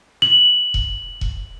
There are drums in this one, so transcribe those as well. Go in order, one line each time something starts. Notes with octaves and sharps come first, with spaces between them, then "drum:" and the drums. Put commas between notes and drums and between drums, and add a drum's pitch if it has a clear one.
F#7
drum: kick E1
drum: kick E1